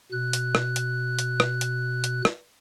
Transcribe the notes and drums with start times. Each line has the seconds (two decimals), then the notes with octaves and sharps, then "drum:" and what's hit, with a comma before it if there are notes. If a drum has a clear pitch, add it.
0.12 B2 F#6
0.33 drum: hi-hat
0.55 drum: rim click
0.76 drum: hi-hat
1.19 drum: hi-hat
1.40 drum: rim click
1.61 drum: hi-hat
2.04 drum: hi-hat
2.25 drum: rim click